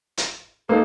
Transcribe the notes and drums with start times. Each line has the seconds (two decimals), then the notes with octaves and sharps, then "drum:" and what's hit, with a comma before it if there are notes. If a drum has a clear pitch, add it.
0.17 drum: hi-hat
0.69 A#3 D#4 A4